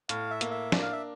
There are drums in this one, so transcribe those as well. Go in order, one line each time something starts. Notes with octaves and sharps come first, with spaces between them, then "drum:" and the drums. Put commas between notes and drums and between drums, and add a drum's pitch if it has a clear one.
A2 F5, drum: hi-hat
E5
A#3, drum: hi-hat
E5
D4, drum: snare
F5
E5